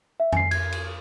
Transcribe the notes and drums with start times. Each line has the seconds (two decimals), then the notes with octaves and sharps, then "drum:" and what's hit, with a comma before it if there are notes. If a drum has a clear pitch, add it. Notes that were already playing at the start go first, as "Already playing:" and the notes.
0.20 E5
0.32 G#5 C7, drum: tom F2
0.51 G#6, drum: cymbal
0.72 drum: cymbal